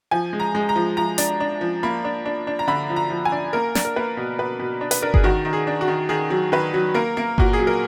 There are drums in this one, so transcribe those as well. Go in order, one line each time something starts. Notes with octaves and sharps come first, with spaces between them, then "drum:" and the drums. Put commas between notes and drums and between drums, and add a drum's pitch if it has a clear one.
F3 G#5
G#3
A#5
G#3
A#5
F3
F3 A#5
D4, drum: hi-hat
D4
F3
A#3 B5
D4
D4
D4
A#5
D3 B5
F3
A#5
F3
G#5
D4
A#3 A#4
D4, drum: snare
A#4
A#3 B4
B2
B2 B4
B2
D4
B4, drum: hi-hat
D4 A#4
G#4, drum: kick G1
D#3 F#4
D#3
G#4
D4
F#4
D#3
D#3 G#4
F#3
D#3 B4
F#3
A#3 A#4
A#3
A#2 F#4, drum: kick G1
G#4
F#3
A#4